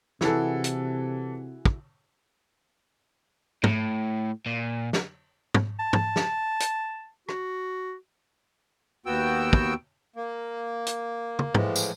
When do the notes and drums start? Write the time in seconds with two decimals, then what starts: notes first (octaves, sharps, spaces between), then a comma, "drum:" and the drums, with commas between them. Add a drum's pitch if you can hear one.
0.21 C3 E3 E4 F#4 G#4 A4, drum: snare
0.64 drum: hi-hat
1.65 drum: kick
3.64 A2, drum: tom
4.46 A#2
4.93 drum: snare
5.54 drum: tom
5.80 A5
5.93 drum: tom
6.16 drum: snare
6.60 drum: hi-hat
7.29 F#4, drum: rim click
9.06 D#2 B3 F#4 G5 E6
9.53 drum: kick
10.16 A#3
10.87 drum: hi-hat
11.39 drum: tom
11.55 A2 E3 F3 G#3, drum: tom
11.76 drum: tambourine